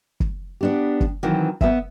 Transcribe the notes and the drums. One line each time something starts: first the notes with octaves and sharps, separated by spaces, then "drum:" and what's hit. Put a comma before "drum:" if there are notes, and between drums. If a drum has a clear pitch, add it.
drum: kick
B3 D4 G4
drum: kick
D#3 E3 F#3 C4
B3 E5, drum: kick